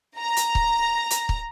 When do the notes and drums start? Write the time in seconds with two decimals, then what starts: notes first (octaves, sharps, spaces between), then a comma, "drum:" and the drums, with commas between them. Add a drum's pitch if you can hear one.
0.18 A#5
0.37 drum: hi-hat
0.55 drum: kick
1.10 drum: hi-hat
1.29 drum: kick